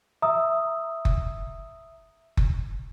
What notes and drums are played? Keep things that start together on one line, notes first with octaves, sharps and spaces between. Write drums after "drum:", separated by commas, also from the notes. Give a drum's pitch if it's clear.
E5 A#5 D#6 E6
drum: kick F#1
drum: kick F#1